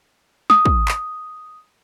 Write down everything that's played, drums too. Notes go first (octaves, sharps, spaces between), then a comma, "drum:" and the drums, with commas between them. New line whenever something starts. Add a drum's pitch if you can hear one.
D#6, drum: snare
drum: kick
drum: clap